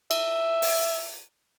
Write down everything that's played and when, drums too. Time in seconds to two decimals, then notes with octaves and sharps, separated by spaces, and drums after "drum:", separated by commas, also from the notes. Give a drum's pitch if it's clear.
0.11 E5, drum: cymbal
0.62 drum: open hi-hat